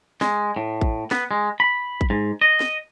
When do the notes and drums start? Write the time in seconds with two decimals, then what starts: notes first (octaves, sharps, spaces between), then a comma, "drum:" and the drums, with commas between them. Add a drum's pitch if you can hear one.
0.21 G#3, drum: snare
0.56 A2
0.81 drum: kick
1.11 B3, drum: snare
1.31 G#3
1.60 B5
2.01 drum: kick
2.10 G#2
2.41 D#5
2.60 drum: snare